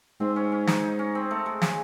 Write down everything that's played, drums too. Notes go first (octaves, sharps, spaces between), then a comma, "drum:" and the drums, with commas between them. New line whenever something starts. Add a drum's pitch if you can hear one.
G#2 C4
C#4
C#4
D#4, drum: snare
D#4
C#4
C4
A3
G#3
C#3, drum: snare